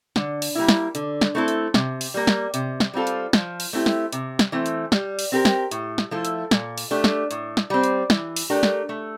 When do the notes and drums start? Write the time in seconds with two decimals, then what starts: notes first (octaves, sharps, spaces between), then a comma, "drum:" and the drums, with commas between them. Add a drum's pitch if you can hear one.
0.16 D3, drum: snare
0.42 drum: open hi-hat
0.55 G3 A#3 E4
0.68 drum: snare
0.95 D3, drum: hi-hat
1.21 drum: snare
1.35 A3 C4 E4 A4
1.48 drum: hi-hat
1.74 C3, drum: snare
2.01 drum: open hi-hat
2.14 G3 A#3
2.27 drum: snare
2.54 C3, drum: hi-hat
2.80 drum: snare
2.94 G3 C4 F4 A4
3.07 drum: hi-hat
3.33 F3, drum: snare
3.60 drum: open hi-hat
3.73 A3 C4 E4 G4
3.86 drum: snare
4.12 C3, drum: hi-hat
4.39 drum: snare
4.52 E3 A3 C4
4.66 drum: hi-hat
4.92 G3, drum: snare
5.19 drum: open hi-hat
5.32 C4 G4 A#4
5.45 drum: snare
5.71 A2, drum: hi-hat
5.98 drum: snare
6.11 F3 A3 E4 A4
6.25 drum: hi-hat
6.51 A#2, drum: snare
6.78 drum: open hi-hat
6.91 A3 D4 G4
7.04 drum: snare
7.31 A2, drum: hi-hat
7.57 drum: snare
7.70 G3 C4
7.83 drum: hi-hat
8.10 E3, drum: snare
8.36 drum: open hi-hat
8.50 A3 D4 G4 A#4
8.63 drum: snare
8.89 A3